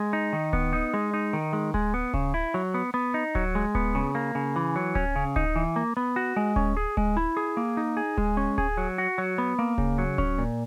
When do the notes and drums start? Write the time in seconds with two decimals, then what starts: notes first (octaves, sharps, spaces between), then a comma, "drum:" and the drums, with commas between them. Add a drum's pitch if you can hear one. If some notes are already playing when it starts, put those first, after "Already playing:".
Already playing: G#3
0.13 D#4
0.33 D#3
0.53 B3, drum: kick D1
0.73 D#4
0.94 G#3
1.14 D#4
1.33 D#3
1.53 G#3
1.74 G#3, drum: kick D1
1.94 B3
2.14 C#3, drum: kick D1
2.34 E4
2.54 F#3
2.74 B3
2.94 B3
3.14 D#4
3.35 F#3, drum: kick D1
3.55 G#3
3.75 B3, drum: kick D1
3.95 C#3
4.15 A#3
4.35 C#3
4.56 E3
4.76 F#3
4.95 C#4, drum: kick D1
5.16 C#3
5.36 D#4, drum: kick D1
5.56 E3
5.76 A#3
5.97 B3
6.16 F#4
6.36 G#3
6.56 C#4, drum: kick D1
6.77 G#4
6.97 G#3, drum: kick D1
7.17 E4
7.37 G#4
7.57 A#3
7.77 D#4
7.97 G#4
8.18 G#3, drum: kick D1
8.37 C#4
8.58 G#4, drum: kick D1
8.77 F#3
8.98 F#4
9.18 F#3
9.38 B3
9.59 A#3
9.78 C#3, drum: kick D1
9.98 F#3
10.18 C#4, drum: kick D1
10.38 A#2